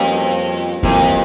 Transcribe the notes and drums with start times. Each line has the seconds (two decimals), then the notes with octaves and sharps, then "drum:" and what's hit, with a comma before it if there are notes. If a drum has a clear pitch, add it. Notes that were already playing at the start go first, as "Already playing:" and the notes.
Already playing: F2 G3 A#3 C#4 F#4 B4
0.31 drum: hi-hat
0.57 drum: hi-hat
0.83 F2 C3 E3 G3 A#3, drum: kick, hi-hat
1.09 drum: hi-hat